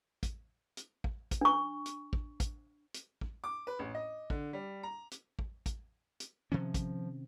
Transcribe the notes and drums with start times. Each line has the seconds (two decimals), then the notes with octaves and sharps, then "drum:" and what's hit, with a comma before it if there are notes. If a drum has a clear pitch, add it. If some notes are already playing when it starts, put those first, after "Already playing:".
0.23 drum: kick, hi-hat
0.77 drum: hi-hat
1.04 drum: kick
1.31 drum: kick, hi-hat
1.41 D4 C#6
1.86 drum: hi-hat
2.13 drum: kick
2.40 drum: kick, hi-hat
2.94 drum: hi-hat
3.21 drum: kick
3.44 D6
3.67 B4
3.79 A1
3.95 D#5
4.30 D3, drum: kick
4.53 G3
4.83 A#5
5.11 drum: hi-hat
5.39 drum: kick
5.66 drum: kick, hi-hat
6.20 drum: hi-hat
6.52 C3 D#3 F3 C#4
6.74 drum: kick, hi-hat